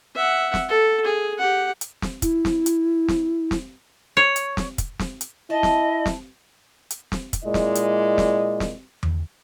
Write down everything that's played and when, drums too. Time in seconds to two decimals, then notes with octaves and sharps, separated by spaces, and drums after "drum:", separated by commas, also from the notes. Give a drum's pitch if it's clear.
0.16 E5 F#5
0.54 drum: snare
0.68 A4
1.05 G#4
1.39 G4 F#5
1.81 drum: hi-hat
2.02 drum: snare
2.22 E4, drum: kick, hi-hat
2.45 drum: snare
2.66 drum: hi-hat
3.08 drum: snare
3.51 drum: snare
4.17 C#5
4.36 drum: hi-hat
4.57 drum: snare
4.78 drum: kick, hi-hat
4.99 drum: snare
5.21 drum: hi-hat
5.50 E4 D#5 A5
5.63 drum: snare
6.06 drum: snare
6.90 drum: hi-hat
7.12 drum: snare
7.33 drum: kick, hi-hat
7.44 A#2 G#3 E4 D5 D#5
7.54 drum: snare
7.75 drum: hi-hat
8.18 drum: snare
8.60 drum: snare
9.03 drum: tom E2